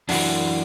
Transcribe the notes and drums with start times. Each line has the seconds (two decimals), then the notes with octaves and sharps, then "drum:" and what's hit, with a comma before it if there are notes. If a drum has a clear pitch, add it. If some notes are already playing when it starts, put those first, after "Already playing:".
0.09 F#2 E3 D4 F#4, drum: open hi-hat